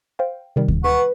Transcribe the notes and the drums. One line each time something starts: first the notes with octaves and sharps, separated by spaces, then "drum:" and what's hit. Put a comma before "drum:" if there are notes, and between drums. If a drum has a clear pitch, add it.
C5 F5 G5
C3 D#3 G3
drum: kick D2
B4 F#5 C#6